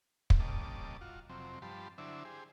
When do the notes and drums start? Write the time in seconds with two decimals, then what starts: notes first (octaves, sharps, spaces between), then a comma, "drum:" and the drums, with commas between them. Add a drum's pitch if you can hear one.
0.30 drum: kick
0.40 A#2 C#3 G3 D#5 A5 D6
1.01 F4 F#4
1.30 F2 C3 F#3 C4
1.62 G2 F3 G4 A5 B5 C6
1.98 D3 F#3 D4 E4 C5 E5
2.25 G4 G#4 C5